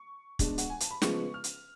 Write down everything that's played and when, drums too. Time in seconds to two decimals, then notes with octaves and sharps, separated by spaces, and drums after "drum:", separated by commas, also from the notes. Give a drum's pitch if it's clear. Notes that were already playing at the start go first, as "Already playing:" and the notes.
Already playing: C#6
0.39 B2 G#3 D4, drum: kick, hi-hat
0.58 F#5, drum: hi-hat
0.70 G#5
0.80 A5, drum: hi-hat
0.91 B5
1.02 C#3 F3 G#3 B3 C#6, drum: snare
1.34 F6
1.44 drum: hi-hat